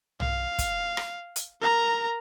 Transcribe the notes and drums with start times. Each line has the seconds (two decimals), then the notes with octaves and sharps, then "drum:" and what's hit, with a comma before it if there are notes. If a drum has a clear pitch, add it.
0.20 F5, drum: tom
0.59 drum: kick, hi-hat
0.97 drum: rim click
1.36 drum: hi-hat
1.61 A#4 A#5